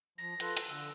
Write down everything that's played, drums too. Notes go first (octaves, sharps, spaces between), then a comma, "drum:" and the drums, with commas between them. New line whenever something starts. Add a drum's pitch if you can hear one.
F3 A#6
F4 A4 B4, drum: hi-hat
drum: hi-hat
D3 E6